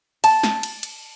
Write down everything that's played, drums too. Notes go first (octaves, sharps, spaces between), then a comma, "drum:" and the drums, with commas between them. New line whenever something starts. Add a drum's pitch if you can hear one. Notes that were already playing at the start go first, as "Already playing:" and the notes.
A5, drum: cymbal
drum: snare
drum: cymbal
drum: cymbal